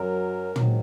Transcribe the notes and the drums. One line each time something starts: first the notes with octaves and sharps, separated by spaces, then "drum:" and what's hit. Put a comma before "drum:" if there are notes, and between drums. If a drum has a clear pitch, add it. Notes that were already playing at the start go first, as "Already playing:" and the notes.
Already playing: F#2 F#3 A#4
G#2 D#3 F#3, drum: tom